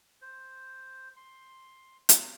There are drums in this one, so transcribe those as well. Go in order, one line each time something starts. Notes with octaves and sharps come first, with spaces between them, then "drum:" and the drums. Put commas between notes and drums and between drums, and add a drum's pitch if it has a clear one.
C5
C6
drum: hi-hat